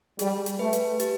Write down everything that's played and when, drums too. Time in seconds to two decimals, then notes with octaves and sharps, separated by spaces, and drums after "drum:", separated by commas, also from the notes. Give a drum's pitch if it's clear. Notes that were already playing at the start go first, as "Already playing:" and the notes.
0.19 G3 G#4, drum: hi-hat
0.46 drum: hi-hat
0.59 A3 B4
0.73 drum: hi-hat
1.00 G4, drum: hi-hat